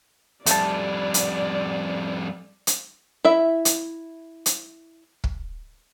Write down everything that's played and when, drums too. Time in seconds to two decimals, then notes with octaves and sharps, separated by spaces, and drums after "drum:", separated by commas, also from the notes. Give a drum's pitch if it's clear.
0.46 F2 G3 A3 D5 A5, drum: hi-hat
1.14 drum: hi-hat
2.67 drum: hi-hat
3.25 E4 E5
3.65 drum: hi-hat
4.46 drum: hi-hat
5.24 drum: kick